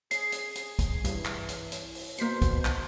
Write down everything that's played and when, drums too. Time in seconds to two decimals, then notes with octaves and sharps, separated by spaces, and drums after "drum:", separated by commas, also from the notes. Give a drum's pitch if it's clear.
0.11 G#4 C7, drum: hi-hat
0.32 drum: hi-hat
0.55 drum: hi-hat
0.79 drum: kick, hi-hat
1.05 G2 E3, drum: hi-hat
1.25 drum: clap
1.49 drum: hi-hat
1.72 drum: hi-hat
1.95 drum: open hi-hat
2.18 B2 A#3 C5 B6 C7, drum: hi-hat
2.42 drum: kick, hi-hat
2.65 drum: clap